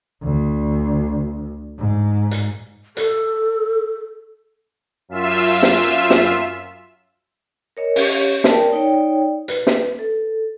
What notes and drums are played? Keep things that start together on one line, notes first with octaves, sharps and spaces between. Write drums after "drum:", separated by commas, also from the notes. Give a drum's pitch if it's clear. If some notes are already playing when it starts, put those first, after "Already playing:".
D2
G#2
drum: hi-hat
A4, drum: hi-hat
F#2 F4 E5 E7
drum: snare
drum: snare
A#4 C#5 D#5
C#4 G4 C#5, drum: open hi-hat
A#4 D5 G5 A5, drum: snare
D#4 C#5 D5 G5
B4, drum: hi-hat
drum: snare
A4